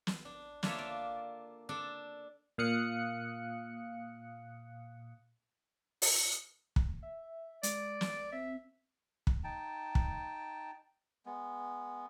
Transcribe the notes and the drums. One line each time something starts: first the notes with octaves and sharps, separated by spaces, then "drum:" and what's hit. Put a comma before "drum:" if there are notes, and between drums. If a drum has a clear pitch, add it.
drum: snare
D4
A#3 D4 F4 A4 C#5 E5, drum: snare
D5
D4 A4 D5
A#2 F5 D#6 F#6 C#7
drum: open hi-hat
drum: kick
E5
G#3 D5, drum: hi-hat
drum: snare
C4 E5
drum: kick
D#4 G5 A5
drum: kick
G#3 B3